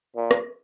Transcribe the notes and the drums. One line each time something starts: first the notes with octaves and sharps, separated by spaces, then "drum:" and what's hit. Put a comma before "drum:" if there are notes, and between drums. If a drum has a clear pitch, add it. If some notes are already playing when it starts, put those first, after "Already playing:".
A#2
drum: rim click